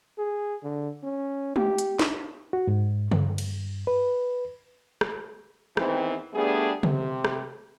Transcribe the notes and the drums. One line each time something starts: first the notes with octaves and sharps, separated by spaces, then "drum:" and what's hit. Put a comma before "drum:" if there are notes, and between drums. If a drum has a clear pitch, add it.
G#4
D3
C#4
G4, drum: tom G#3
drum: hi-hat
drum: snare
F#4
G#2
G2, drum: tom C#3
drum: cymbal
B4
drum: rim click
E2 D#3 E3 C4, drum: rim click
G3 A3 B3 D4 G#4
C3, drum: tom C#3
drum: rim click